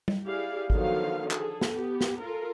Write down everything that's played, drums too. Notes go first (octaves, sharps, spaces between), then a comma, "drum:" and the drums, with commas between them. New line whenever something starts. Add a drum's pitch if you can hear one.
drum: tom G3
E4 G4 G#4 D5 F5
D3 D#3 F3 F#3 B3 F5, drum: kick G#1
G#4 A4, drum: clap
drum: snare
B3 G4
drum: snare
F4 A4 A#4